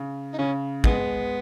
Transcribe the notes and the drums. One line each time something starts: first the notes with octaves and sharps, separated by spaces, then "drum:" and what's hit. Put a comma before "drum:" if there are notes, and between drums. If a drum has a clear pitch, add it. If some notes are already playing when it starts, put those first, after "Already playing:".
Already playing: C#3
D#4
C#3 C#4
G#3 B3, drum: kick